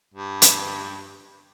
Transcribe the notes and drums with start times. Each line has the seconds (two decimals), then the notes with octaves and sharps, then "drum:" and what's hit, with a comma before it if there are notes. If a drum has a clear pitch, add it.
0.14 G2
0.42 drum: hi-hat